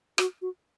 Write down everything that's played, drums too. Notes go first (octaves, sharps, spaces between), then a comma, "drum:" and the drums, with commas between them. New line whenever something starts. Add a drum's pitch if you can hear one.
F#4, drum: rim click
F#4